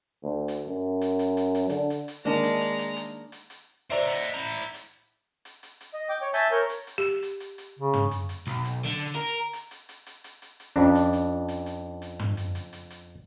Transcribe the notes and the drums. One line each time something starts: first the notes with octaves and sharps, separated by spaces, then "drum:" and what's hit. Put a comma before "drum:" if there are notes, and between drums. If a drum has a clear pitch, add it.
D2
drum: hi-hat
F#2
drum: hi-hat
drum: hi-hat
drum: hi-hat
drum: hi-hat
D3, drum: hi-hat
drum: hi-hat
drum: hi-hat
D#3 G#3 A#3 D4 D#5 A#5
drum: hi-hat
drum: hi-hat
drum: hi-hat
drum: hi-hat
drum: hi-hat
drum: hi-hat
C4 C5 D5 E5 A#5
D#5 F#5
drum: hi-hat
E4 A#5
drum: hi-hat
drum: hi-hat
drum: hi-hat
drum: hi-hat
D#5
G5 D6
C#5
E5 G#5 A5 G6, drum: hi-hat
A#4 C#5 G6
drum: hi-hat
drum: hi-hat
G4
drum: hi-hat
drum: hi-hat
drum: hi-hat
C#3
drum: tom
drum: hi-hat
drum: hi-hat
B1, drum: hi-hat
drum: hi-hat
D3, drum: hi-hat
drum: hi-hat
A#4
drum: hi-hat
drum: hi-hat
drum: hi-hat
drum: hi-hat
drum: hi-hat
drum: hi-hat
drum: hi-hat
F2 C#4 D4 D#5
drum: hi-hat
drum: hi-hat
drum: hi-hat
drum: hi-hat
drum: hi-hat
drum: tom
drum: hi-hat
drum: hi-hat
drum: hi-hat
drum: hi-hat